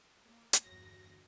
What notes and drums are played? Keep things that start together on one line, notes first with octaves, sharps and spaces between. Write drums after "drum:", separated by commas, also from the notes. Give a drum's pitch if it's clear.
A#3
drum: hi-hat
G1 E2 F#3 A#6